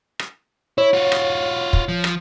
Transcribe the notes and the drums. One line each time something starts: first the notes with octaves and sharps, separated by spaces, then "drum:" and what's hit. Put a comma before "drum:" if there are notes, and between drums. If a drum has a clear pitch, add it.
drum: rim click
E4 C#5
F4 F#4
drum: rim click
drum: kick
F3
drum: rim click